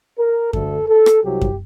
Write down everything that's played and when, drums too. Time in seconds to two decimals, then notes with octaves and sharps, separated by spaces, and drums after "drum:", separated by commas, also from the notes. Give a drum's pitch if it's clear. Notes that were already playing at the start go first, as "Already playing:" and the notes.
0.19 A#4
0.53 D2 D3 A3 A4, drum: kick F#2
0.89 A4
1.06 drum: rim click
1.24 C2 C3 F#3 G4
1.41 drum: kick F#2